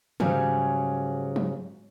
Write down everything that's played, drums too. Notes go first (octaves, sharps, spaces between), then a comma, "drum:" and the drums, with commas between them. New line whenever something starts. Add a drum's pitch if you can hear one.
G#2 C#3 F#3 G3, drum: tom D3
drum: tom F3